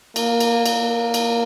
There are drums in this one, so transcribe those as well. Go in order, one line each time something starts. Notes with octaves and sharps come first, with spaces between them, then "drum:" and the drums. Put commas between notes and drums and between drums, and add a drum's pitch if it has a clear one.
A#3, drum: cymbal
drum: cymbal
A#3, drum: cymbal
drum: cymbal